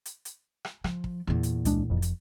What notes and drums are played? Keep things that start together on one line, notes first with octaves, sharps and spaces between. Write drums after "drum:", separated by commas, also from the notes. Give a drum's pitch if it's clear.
drum: hi-hat
drum: hi-hat
drum: rim click
F3, drum: rim click
drum: kick
E2 A#2
drum: hi-hat
C#2 G#3 D4, drum: hi-hat
F1 F2
drum: hi-hat